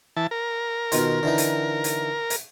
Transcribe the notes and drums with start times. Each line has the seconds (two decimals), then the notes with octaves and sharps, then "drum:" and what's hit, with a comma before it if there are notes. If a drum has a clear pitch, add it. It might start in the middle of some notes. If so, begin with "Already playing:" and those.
0.17 E3 A5
0.31 A#4
0.92 B2 D#3 F4, drum: hi-hat
1.23 D3 E3 D#4
1.38 drum: hi-hat
1.84 drum: hi-hat
2.30 drum: hi-hat